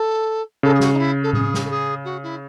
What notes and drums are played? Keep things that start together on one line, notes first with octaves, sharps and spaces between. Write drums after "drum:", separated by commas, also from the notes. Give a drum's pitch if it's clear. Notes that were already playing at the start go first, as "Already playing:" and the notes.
Already playing: A4
C#3 A4
G#4
F#4, drum: snare
D#4
E4
A4
G#4, drum: tom A2
drum: snare
A4
G#4
F#4
E4